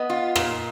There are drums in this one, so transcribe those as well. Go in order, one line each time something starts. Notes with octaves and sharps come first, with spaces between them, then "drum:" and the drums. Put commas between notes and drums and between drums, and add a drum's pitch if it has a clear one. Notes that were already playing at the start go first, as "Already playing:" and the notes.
Already playing: B3 D#5
F4
A#2, drum: rim click